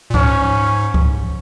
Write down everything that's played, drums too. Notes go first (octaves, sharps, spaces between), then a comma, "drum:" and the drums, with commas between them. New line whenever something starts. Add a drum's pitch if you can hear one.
A#2
G#2 C#4, drum: kick C#2
drum: kick C#2